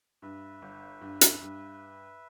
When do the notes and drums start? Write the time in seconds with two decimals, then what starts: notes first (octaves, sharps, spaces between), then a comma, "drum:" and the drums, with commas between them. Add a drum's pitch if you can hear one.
0.22 G2 B4 E5
0.62 G1
1.01 G2
1.21 drum: hi-hat
1.41 G2